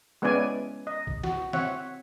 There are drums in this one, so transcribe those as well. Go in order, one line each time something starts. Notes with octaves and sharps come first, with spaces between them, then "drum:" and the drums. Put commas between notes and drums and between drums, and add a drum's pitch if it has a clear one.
G#3 B3 C#4 E4 D5 G#5
D#5
drum: kick
F#4, drum: snare
C4 C#5 E5 F#5, drum: snare